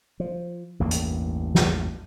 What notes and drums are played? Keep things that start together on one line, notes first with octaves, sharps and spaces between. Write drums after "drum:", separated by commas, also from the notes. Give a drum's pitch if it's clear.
F3
A1 E2 G2 A#3
drum: hi-hat
drum: snare